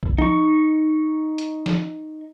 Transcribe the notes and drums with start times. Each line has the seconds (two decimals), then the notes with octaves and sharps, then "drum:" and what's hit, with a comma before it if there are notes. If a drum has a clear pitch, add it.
0.03 drum: kick B1
0.18 D#4 C#6, drum: tom F3
1.38 drum: hi-hat
1.66 drum: snare